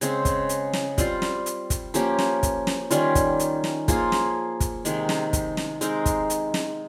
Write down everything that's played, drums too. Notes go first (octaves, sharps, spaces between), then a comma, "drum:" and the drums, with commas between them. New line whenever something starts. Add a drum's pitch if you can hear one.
C#3 G#3 C4, drum: hi-hat
drum: kick, hi-hat
drum: hi-hat
drum: snare
G3 C4 F4, drum: kick, hi-hat
drum: snare
drum: hi-hat
drum: kick, hi-hat
F3 A#3 C#4 G4, drum: hi-hat
drum: snare
drum: kick, hi-hat
drum: snare
D#3 G3 C#4 F4, drum: hi-hat
drum: kick, hi-hat
drum: hi-hat
drum: snare
F3 A#3 F4 G#4, drum: kick, hi-hat
drum: snare
drum: kick, hi-hat
C3 D#3 G#3, drum: hi-hat
drum: snare
drum: kick, hi-hat
drum: snare
G#3 C4 D#4 A#4, drum: hi-hat
drum: kick, hi-hat
drum: hi-hat
drum: snare